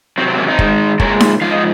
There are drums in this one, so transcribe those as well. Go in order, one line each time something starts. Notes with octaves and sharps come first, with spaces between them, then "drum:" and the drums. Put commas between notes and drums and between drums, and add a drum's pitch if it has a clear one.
C3 F#3 C4
C4
A#3 C#4
C4 D#4
G#2 D#3 G#3, drum: kick
A#2 F3 G#3 A#4 C#5, drum: kick
drum: snare D#4
G#2 F3 F5
D#5